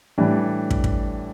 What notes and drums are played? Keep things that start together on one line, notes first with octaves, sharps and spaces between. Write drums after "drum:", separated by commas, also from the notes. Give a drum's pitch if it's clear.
A2 E3 G3 D4
drum: kick
drum: kick